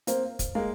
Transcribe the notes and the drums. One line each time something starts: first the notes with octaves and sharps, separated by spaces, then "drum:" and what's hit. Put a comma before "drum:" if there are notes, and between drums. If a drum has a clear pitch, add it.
A#3 C4, drum: hi-hat
drum: kick, hi-hat
G#3 A#3